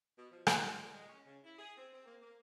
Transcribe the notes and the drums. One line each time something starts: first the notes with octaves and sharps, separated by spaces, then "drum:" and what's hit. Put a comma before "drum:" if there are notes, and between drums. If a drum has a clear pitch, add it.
B2
F3
drum: rim click
A#2
G#3
C#4
C#3
E4
G#4
C4
C4
A#3
A#3